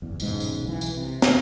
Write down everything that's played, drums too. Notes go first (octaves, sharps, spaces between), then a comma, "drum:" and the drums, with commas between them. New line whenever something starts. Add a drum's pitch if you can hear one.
F#1 E2
D#1 B1 G#2 C#3, drum: tambourine
drum: tambourine
B1 E3
drum: tambourine
C3
drum: snare